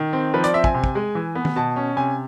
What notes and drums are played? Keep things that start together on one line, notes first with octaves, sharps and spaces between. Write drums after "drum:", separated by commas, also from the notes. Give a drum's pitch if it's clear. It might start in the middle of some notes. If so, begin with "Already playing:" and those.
Already playing: D#3
C4
F3 B4
D5, drum: hi-hat
C4 E5
G#5, drum: kick
C3
drum: kick
G#3
E3
B3
drum: tom D#3
B2 A5
C#4
C3 G#5